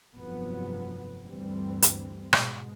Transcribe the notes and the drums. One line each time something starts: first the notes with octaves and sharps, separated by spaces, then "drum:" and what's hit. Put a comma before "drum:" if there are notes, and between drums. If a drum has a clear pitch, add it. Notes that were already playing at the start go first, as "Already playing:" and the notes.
F1 G2 C3 F3 F#3 B3
D2 G2 E3 G3 C4
drum: hi-hat
G#2 B2 G#3, drum: rim click